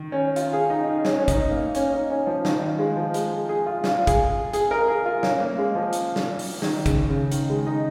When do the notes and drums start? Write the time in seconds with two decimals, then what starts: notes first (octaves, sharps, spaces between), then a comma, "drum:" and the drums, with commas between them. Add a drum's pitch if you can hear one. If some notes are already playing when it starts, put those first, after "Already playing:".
Already playing: D#3
0.12 C#4
0.36 F4, drum: hi-hat
0.53 G#4
0.70 D#4
0.88 D#4
1.05 C#4, drum: snare
1.18 C#4
1.28 D#4, drum: kick, hi-hat
1.51 A#3
1.75 C#4, drum: hi-hat
1.93 D#4
2.10 C#4
2.27 F3
2.45 D#3, drum: snare
2.62 F4
2.79 G#3
2.96 F3
3.14 G#3, drum: hi-hat
3.31 G#4
3.49 G#4
3.66 F4
3.84 F4, drum: snare
4.07 G#4, drum: kick, hi-hat
4.53 G#4, drum: hi-hat
4.71 A#4
4.88 G#4
5.06 F4
5.23 C#4, drum: snare
5.40 A#3
5.58 G#3
5.75 F3
5.93 drum: hi-hat
6.16 drum: snare
6.39 drum: open hi-hat
6.62 D#3, drum: snare
6.86 C#3, drum: kick, hi-hat
7.09 C#3
7.32 D#3, drum: hi-hat
7.50 G#3
7.67 D#4